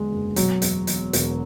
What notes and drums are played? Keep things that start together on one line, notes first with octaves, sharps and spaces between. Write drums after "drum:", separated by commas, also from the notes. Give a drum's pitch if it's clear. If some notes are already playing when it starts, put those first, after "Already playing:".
Already playing: E2 D3 F#3 G#3
F#1
B2 F#3, drum: hi-hat
E2, drum: hi-hat
E1, drum: hi-hat
E1, drum: hi-hat